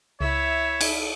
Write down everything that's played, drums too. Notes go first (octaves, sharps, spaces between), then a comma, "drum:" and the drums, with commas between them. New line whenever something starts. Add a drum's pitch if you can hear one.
C#2 E4 C#5 E5
drum: cymbal